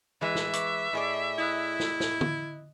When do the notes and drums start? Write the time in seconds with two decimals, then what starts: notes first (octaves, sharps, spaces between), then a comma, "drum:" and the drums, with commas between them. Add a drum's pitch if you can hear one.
0.21 E3 G#3 B4 E5
0.35 drum: snare
0.53 B4 C#6 D6, drum: hi-hat
0.93 A2 G#4 D5 D#5
1.38 E4 D#5 D#6 F#6
1.80 drum: snare
2.00 drum: snare
2.21 drum: tom